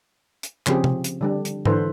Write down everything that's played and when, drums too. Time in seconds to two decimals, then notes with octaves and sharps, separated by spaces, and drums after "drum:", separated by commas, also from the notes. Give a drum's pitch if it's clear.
0.43 drum: hi-hat
0.66 C#3 F3 C4 G4 G#4, drum: clap
0.84 drum: tom C3
1.04 drum: hi-hat
1.21 D3 G3 D4
1.45 drum: hi-hat
1.65 D3 E3 A4 B4 C5, drum: tom G#2